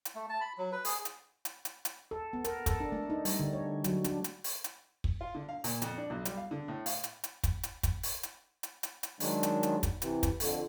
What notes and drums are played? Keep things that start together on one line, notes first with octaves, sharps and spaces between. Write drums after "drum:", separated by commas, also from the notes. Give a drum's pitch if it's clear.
drum: hi-hat
A3
A5
B5
F#3
B4
G#4, drum: open hi-hat
drum: hi-hat
drum: hi-hat
drum: hi-hat
drum: hi-hat
A4
B3
A#4, drum: hi-hat
A4, drum: kick, hi-hat
D4
A3
D#4
G3, drum: open hi-hat
D3
C#5
F#3, drum: hi-hat
D4, drum: hi-hat
drum: hi-hat
drum: open hi-hat
drum: hi-hat
drum: kick
F4
D3
F5
A#2, drum: open hi-hat
F2, drum: hi-hat
D4
B1
G3, drum: hi-hat
F5
D3
A2
F5, drum: open hi-hat
drum: hi-hat
drum: hi-hat
drum: kick, hi-hat
drum: hi-hat
drum: kick, hi-hat
drum: open hi-hat
drum: hi-hat
drum: hi-hat
drum: hi-hat
drum: hi-hat
D#3 F#3 G#3 D4, drum: open hi-hat
drum: hi-hat
drum: hi-hat
drum: kick, hi-hat
C3 E3, drum: hi-hat
drum: kick, hi-hat
F2 D3, drum: open hi-hat